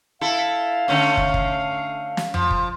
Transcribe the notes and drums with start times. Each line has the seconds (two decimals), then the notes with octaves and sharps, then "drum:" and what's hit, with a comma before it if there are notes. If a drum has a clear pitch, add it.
0.21 E4 A4 F5
0.88 D3 A3 C#4
1.17 drum: kick
1.34 drum: kick
2.17 drum: snare
2.34 F3, drum: tom F2
2.51 drum: kick